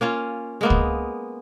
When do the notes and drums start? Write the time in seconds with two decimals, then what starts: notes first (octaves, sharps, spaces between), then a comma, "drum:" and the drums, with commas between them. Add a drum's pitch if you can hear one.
0.01 A#3 C#4 F4
0.61 G#3 A#3 B3
0.70 drum: kick C#2